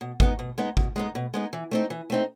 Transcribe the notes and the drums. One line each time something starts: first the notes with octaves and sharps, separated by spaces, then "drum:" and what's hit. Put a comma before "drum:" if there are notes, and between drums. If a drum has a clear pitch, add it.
B2
G#3 B3 D#4, drum: kick G#1
B2
G#3 B3 D#4
B2, drum: kick G#1
G#3 B3 D#4
B2
G#3 B3 D#4
E3
A3 C4 D#4
E3
A3 C4 D#4